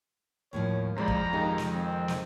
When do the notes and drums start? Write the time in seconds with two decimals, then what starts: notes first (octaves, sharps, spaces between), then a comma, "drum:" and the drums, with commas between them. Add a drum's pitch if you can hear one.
0.53 D#2 A2 F3 C#5
0.98 F2 G#3 C5 D5 A#5 B5
1.08 drum: kick
1.33 D#3 G#3 D#4 G4
1.58 drum: snare
1.74 C4
2.08 drum: snare